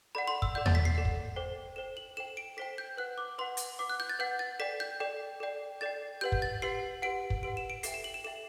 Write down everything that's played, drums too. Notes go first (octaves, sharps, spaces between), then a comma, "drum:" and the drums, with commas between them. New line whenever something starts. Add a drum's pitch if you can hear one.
A4 D5 F#5 B5
C6
E6, drum: kick
A4 D5 F#5 G6
A6, drum: tom E2
B6
C7
A4 D5 F#5
drum: kick
A4 C5 G5
A4 C5 G5 E7
F#7
A4 C5 G5 E7
D7
A4 C5 G5 B6
G6
B4 F#5 F#6
D6
B4 F#5 C6
drum: hi-hat
B4 F#5 D6
F#6
G6
A6
B4 F#5 G6
A6
A4 D5 G5 B6
G6
A4 D5 G5
A4 D5 G5
A4 D5 G5 A6
G4 B4 F#5 G6
drum: kick
A6
G4 B4 F#5 C7
G4 B4 F#5 D7
drum: kick
G4 B4 F#5 D7
E7
D7
A4 E5 G5 C7, drum: hi-hat
E7
F#7
E7
A4 E5 G5 E7